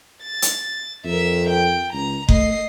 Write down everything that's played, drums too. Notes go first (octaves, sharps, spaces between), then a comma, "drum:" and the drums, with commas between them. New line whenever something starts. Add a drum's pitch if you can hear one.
A6
drum: hi-hat
F2 A#4 E5
G5
C#2 A#5
A3 D#5 C7, drum: kick F#1